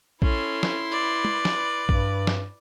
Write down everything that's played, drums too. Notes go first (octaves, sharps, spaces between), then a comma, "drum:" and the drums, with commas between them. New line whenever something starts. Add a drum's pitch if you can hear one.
C#4 E4 A4 C6, drum: kick A#1
drum: snare
B4 D5
drum: tom
drum: snare
G2, drum: kick A#1
drum: snare